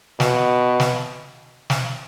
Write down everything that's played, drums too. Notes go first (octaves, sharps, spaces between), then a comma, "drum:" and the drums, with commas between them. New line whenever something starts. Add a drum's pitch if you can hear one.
B2, drum: snare
drum: snare
drum: snare